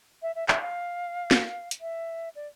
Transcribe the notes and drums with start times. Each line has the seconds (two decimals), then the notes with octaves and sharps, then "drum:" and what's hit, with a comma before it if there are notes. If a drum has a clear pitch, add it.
0.22 E5
0.35 E5
0.48 E5, drum: clap
0.61 F5
1.31 drum: snare
1.71 drum: hi-hat
1.81 E5
2.35 D5